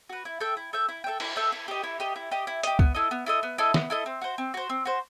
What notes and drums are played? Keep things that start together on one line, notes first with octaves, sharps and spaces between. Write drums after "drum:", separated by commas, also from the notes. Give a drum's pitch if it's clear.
F#4 B4
E4
A4 E5 G5
E4
A4 E5 G5
E4
A4 E5 G5
E4, drum: cymbal
A4 E5 G5
E4
G4 D#5
E4
G4 D#5
E4
G4 D#5
E4
G4 D#5, drum: hi-hat
B3, drum: kick
E4 A4 D#5
B3
E4 A4 D#5
B3
E4 A4 D#5
B3, drum: snare
E4 A4 D#5
C4
F#4 C5
C4
F#4 C5
C4
F#4 C5